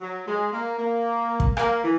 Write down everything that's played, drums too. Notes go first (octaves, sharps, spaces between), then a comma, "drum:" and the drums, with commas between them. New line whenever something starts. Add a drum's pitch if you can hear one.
F#3
G#3
A#3
A#3
drum: kick
A#3, drum: rim click
E3